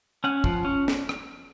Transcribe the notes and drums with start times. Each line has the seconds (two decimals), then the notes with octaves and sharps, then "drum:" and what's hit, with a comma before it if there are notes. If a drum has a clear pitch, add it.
0.24 C#4 F#5
0.44 F3, drum: kick
0.65 C#4
0.88 drum: snare
1.09 drum: rim click